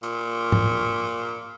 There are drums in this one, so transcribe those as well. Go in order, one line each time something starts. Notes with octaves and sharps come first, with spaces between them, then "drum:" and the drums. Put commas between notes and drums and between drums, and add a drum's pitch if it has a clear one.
A#2, drum: hi-hat
drum: tom G#2